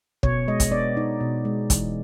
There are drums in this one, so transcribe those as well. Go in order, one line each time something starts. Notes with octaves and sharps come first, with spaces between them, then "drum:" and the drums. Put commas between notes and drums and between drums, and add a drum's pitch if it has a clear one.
B2 C#5, drum: kick
G#3 D#5
drum: kick, hi-hat
B3 D5
D#4
B2
G#3
E3, drum: kick, hi-hat